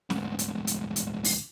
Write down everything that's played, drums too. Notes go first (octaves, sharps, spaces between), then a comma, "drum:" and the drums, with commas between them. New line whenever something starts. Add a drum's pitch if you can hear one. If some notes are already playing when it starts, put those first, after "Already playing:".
D2 G#2, drum: snare
drum: hi-hat
drum: hi-hat
drum: hi-hat
drum: open hi-hat